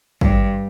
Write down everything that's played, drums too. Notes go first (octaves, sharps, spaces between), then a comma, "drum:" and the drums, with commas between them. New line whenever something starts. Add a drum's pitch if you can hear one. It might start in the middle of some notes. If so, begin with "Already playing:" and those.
G2, drum: kick